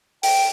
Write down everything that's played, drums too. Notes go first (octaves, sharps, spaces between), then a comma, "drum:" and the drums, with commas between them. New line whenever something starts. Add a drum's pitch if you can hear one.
G5, drum: open hi-hat